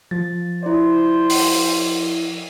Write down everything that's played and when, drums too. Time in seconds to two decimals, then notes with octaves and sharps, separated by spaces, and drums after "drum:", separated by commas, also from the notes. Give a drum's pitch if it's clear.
0.11 F3 A6
0.63 E4 C5 D5
1.30 drum: open hi-hat